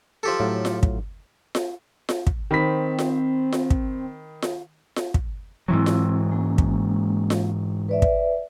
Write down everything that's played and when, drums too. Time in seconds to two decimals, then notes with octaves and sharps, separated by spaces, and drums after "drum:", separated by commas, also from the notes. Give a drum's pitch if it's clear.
0.23 F3 G4 A4
0.40 A2 F#3 F4
0.65 drum: snare F4
0.83 drum: kick
1.55 drum: snare F4
2.09 drum: snare F4
2.27 drum: kick
2.51 D#3 C4 B5 B6
2.99 drum: snare F4
3.52 drum: snare F4
3.70 drum: kick
4.42 drum: snare F4
4.96 drum: snare F4
5.14 drum: kick
5.68 G#2 E3 F#3 C4 E4 E6
5.86 drum: snare F4
6.32 G#3 A#3 C#4
6.58 drum: kick
7.30 drum: snare F4
7.89 B4 D5 E5
8.02 drum: kick